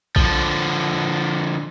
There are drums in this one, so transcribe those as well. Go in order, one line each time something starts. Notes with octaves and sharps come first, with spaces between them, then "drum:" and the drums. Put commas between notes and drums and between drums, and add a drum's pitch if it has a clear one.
D3 F3, drum: kick A#1